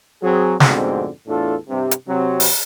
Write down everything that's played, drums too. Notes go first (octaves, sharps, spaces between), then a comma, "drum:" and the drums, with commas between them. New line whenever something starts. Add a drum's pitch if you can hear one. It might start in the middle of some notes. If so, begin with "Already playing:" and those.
F#3 C4 G#4
F2 G#2 B2 D3 A3 C4, drum: snare
E2 A2 D4 F4 A4
G2 C3
drum: hi-hat
C3 F#3 C4
drum: open hi-hat